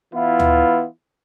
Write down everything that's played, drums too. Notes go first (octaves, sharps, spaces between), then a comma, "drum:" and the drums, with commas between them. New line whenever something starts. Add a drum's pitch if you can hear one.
E3 B3 E4 F4
drum: tom D2